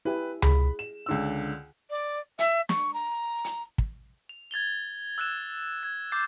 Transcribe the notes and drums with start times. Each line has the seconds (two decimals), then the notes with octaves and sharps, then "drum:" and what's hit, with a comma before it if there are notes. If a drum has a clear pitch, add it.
0.05 E4 G4 B4 G#5
0.42 G#4 B5, drum: tom C#2
0.79 E7
1.06 C#2 D3 E6
1.90 D5
2.39 E5, drum: hi-hat
2.69 C#6, drum: snare
2.94 A#5
3.44 drum: hi-hat
3.78 drum: kick
4.29 F7
4.51 G#6 A6 F7 G7
5.18 E6 F#6 G#6 E7
5.83 G#6
6.12 D6 G6 A6 C7